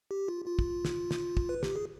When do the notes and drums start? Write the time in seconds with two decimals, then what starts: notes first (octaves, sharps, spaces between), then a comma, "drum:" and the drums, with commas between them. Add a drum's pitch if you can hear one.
0.11 G4
0.28 F4
0.46 F4
0.59 drum: kick
0.85 drum: snare
1.11 drum: snare
1.37 drum: kick
1.49 B4
1.63 G4, drum: snare
1.76 G#4